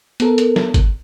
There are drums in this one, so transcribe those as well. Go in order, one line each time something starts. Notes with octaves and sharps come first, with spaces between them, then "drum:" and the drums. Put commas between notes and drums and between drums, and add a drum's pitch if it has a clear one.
B3 A4 A#4, drum: hi-hat
drum: hi-hat
drum: snare
drum: kick G1, hi-hat